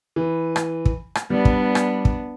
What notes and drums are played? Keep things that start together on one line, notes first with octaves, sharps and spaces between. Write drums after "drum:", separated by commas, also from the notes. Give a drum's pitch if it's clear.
E3
drum: rim click
drum: kick
drum: rim click
G3 B3 D4
drum: kick
drum: rim click
drum: kick